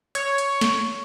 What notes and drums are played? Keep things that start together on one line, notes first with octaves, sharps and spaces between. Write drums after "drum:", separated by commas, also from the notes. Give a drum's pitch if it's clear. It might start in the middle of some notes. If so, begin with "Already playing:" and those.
C#5, drum: hi-hat
drum: hi-hat
drum: snare